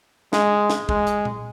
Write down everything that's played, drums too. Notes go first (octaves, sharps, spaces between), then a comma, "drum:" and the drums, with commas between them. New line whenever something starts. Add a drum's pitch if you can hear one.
G#3, drum: snare
drum: snare
G#3, drum: kick
drum: hi-hat
drum: tom A#2